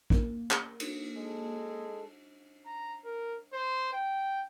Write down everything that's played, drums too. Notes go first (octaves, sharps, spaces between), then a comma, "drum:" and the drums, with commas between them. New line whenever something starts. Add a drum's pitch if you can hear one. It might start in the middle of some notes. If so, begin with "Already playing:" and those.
A#3, drum: kick
drum: clap
drum: cymbal
G#3 A4
A#5
A#4
C5
G5